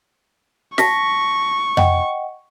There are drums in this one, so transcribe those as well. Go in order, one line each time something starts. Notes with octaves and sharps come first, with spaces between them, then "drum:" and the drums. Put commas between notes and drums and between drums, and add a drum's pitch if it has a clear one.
A5 C#6 A#6 B6, drum: snare
D#5 F#5 G5, drum: tom F2